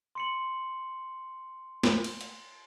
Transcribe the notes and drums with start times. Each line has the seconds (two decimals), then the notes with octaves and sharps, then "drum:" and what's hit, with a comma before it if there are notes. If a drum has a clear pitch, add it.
0.15 C6 C#7 F#7
1.83 drum: snare
2.04 drum: cymbal
2.21 drum: hi-hat